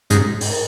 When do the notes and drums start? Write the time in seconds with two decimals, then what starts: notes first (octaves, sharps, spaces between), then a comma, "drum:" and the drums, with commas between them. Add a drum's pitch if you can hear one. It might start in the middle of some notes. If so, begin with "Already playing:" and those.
0.10 G#2, drum: hi-hat
0.41 drum: open hi-hat